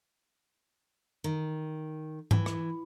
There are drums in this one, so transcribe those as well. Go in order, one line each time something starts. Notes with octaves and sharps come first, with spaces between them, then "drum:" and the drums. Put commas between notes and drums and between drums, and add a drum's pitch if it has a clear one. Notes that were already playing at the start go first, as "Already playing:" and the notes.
D#3
E3, drum: tom G#2
drum: rim click